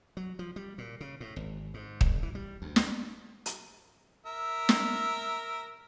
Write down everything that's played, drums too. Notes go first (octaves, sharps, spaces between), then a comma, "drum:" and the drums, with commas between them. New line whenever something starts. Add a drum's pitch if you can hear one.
F#3
F3
G3
A#2
C#3
A2
G#1
G#2
F#1, drum: kick
E3
G3
D2
drum: snare
drum: hi-hat
A#4 E5
drum: snare